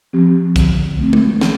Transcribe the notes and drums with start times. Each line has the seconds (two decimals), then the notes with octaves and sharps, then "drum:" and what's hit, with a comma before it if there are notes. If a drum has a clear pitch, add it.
0.13 F3 C4 G4
0.56 D3, drum: kick, hi-hat
0.99 A3 C4
1.13 drum: tom G#3
1.41 E3, drum: snare